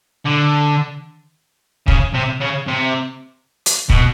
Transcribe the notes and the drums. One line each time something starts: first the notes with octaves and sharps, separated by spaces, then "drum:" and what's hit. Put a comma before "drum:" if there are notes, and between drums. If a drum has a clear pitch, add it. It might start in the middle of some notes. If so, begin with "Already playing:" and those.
D3
C#3, drum: kick
C3
C#3
C3
drum: hi-hat
B2, drum: kick